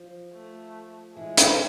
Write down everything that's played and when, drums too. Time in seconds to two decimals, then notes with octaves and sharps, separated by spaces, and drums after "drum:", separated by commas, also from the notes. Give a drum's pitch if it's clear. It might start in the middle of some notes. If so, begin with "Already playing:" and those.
Already playing: F3
0.33 A3
1.16 E3 G#3
1.37 D#3, drum: hi-hat